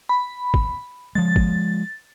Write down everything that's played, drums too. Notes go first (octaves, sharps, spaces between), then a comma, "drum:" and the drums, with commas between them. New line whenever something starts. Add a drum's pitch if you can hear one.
B5
drum: kick
F3 G#3 A6
drum: kick